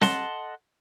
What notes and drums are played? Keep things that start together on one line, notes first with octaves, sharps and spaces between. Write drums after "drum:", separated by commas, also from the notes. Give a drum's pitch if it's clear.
A4 D#5 F#5 A5 C6, drum: snare